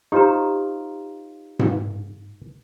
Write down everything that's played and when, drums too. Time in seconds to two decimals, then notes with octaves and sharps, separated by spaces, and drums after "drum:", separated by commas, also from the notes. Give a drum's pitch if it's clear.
0.12 D#4 F4 G4 C5 A#5
1.59 drum: tom G#2